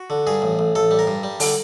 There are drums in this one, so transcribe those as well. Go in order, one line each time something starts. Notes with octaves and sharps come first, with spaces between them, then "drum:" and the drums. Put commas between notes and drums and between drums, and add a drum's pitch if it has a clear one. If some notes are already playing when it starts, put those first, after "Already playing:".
Already playing: F#4
D3
G2 G#4
A1
A1
A1 A4
G3
A#4
G2
G3
D3, drum: open hi-hat